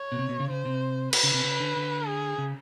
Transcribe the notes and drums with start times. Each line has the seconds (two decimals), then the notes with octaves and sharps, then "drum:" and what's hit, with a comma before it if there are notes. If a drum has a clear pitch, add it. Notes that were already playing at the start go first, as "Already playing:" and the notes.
Already playing: C#5
0.12 B2
0.19 C3
0.29 B2
0.40 C#3
0.50 C#3 C5
0.65 C3
1.13 B4, drum: cymbal
1.23 C#3
1.33 C3
1.44 C#3
1.60 D3
1.76 D3
2.07 G#4
2.38 C#3